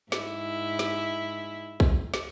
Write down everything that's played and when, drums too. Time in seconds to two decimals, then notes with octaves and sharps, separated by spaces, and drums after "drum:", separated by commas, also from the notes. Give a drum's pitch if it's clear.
0.12 G#2 E4, drum: snare
0.79 drum: snare
1.80 drum: kick
2.14 drum: snare